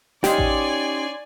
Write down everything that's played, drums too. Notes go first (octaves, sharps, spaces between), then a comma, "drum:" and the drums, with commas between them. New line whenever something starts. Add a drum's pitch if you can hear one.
C#4 D#4 G4 C#5 D5 F5 G#5 C6, drum: snare
drum: kick A1